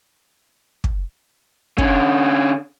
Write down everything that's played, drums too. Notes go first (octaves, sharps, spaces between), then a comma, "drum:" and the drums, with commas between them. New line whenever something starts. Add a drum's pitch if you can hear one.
drum: kick
D3 C#4, drum: kick